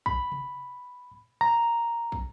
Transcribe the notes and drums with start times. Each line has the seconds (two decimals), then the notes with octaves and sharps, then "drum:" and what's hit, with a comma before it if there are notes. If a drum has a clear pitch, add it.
0.06 B5, drum: kick
0.32 drum: tom C3
1.41 A#5
2.12 drum: kick